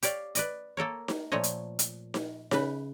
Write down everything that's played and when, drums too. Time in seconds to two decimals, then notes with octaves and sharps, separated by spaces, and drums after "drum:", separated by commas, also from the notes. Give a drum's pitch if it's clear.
0.03 G4 C#5 D5 F5, drum: hi-hat
0.35 B4 D5 D#5, drum: hi-hat
0.77 A#3 A4 A#4 C#5
1.08 drum: snare D#4
1.32 A#2 F3 A3 C#5 D#5
1.44 drum: hi-hat
1.79 drum: hi-hat
2.14 drum: snare D#4
2.51 C#3 B4, drum: snare D#4